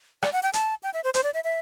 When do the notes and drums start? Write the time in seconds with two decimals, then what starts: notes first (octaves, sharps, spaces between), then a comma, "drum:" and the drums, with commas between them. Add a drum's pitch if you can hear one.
0.22 D5, drum: rim click
0.33 F#5
0.43 G5
0.53 A5, drum: hi-hat
0.83 G5
0.94 E5
1.04 C5
1.14 C5, drum: hi-hat
1.23 D5
1.34 E5
1.44 E5